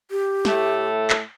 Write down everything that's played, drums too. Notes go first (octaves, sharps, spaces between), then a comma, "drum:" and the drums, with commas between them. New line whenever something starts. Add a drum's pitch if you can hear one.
G4
A2 A3, drum: snare
drum: clap